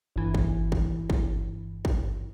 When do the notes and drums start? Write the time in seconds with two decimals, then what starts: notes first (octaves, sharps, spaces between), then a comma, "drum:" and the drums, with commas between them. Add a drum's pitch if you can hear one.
0.16 G1 E3
0.34 drum: kick
0.72 drum: kick
1.10 drum: kick
1.85 drum: kick